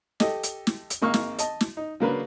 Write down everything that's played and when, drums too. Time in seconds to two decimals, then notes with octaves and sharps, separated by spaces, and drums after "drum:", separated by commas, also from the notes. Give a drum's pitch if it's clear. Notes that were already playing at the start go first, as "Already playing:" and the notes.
0.20 G4 A4 D#5, drum: snare
0.43 drum: hi-hat
0.67 drum: snare
0.90 drum: hi-hat
1.02 G#1 A#3 C#6 F6
1.14 drum: snare
1.39 D#5 A5, drum: hi-hat
1.61 drum: snare
1.77 D#4
2.00 C#3 F#3 A#3 D4 A#4 B4